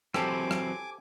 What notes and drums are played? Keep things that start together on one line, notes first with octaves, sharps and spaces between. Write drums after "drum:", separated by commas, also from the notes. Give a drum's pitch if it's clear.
E3 F#3 C4 G4 A4 C5 G#5 D6, drum: rim click
drum: rim click